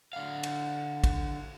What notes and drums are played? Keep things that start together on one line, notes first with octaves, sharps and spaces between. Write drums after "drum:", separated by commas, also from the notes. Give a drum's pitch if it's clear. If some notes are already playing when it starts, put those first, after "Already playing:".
D3 F5
drum: cymbal
drum: kick, cymbal